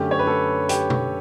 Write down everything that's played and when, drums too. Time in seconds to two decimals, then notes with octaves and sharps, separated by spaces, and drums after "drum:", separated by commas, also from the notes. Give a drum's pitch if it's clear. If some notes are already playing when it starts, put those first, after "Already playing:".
Already playing: F#2 D3 A3 C#4 G4
0.11 C#5
0.19 B4
0.27 A4
0.69 G4, drum: hi-hat
0.90 drum: tom B2